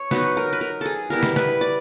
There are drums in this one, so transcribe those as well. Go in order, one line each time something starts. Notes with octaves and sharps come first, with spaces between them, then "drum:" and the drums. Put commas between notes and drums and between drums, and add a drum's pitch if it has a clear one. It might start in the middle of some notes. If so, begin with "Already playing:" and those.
Already playing: C#5
F#3 B3 D#4 B4, drum: snare
A#4
B4
A#4
G#4 A4
G3 B3 E4 A#4
drum: snare
B4, drum: snare
D5